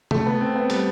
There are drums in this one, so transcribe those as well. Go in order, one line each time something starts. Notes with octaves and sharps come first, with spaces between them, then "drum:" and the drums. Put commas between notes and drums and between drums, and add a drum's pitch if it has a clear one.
A3, drum: tom
B3
C4
B3
G3, drum: hi-hat